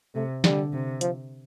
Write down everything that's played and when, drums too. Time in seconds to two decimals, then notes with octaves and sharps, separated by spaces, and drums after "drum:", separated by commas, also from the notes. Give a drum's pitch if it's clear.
0.15 C3 A3
0.44 D3 G3, drum: snare
0.73 C3
1.01 F3, drum: hi-hat